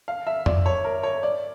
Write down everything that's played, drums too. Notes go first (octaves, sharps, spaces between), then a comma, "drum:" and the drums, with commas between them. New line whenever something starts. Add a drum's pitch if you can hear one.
F5
E5
D5, drum: tom F2
C#5
A#4
C#5
D5